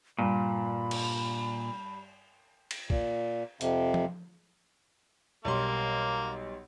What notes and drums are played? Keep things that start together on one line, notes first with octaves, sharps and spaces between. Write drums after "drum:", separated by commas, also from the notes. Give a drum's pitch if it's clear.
G2 A#2 B5
drum: cymbal
drum: cymbal
A#2, drum: kick
F2 C3, drum: hi-hat
drum: tom F3
B1 G3 A#3 C6